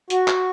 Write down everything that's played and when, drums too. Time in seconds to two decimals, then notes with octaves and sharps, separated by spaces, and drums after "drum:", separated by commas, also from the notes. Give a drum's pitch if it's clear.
0.10 F#4, drum: hi-hat
0.28 drum: clap